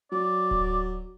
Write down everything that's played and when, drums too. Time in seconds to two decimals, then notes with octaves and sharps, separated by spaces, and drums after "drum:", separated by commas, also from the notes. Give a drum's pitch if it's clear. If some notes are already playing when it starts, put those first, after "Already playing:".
0.12 F#3 D5
0.51 drum: kick D1